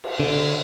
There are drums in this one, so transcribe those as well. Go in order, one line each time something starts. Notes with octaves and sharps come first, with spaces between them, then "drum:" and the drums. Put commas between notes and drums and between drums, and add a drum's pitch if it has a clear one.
drum: cymbal
D3